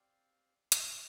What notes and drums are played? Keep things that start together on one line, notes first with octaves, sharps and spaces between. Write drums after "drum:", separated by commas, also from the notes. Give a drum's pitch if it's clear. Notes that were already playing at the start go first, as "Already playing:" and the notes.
Already playing: C4 G4 D5 F5
F4 A4 C5 G5, drum: hi-hat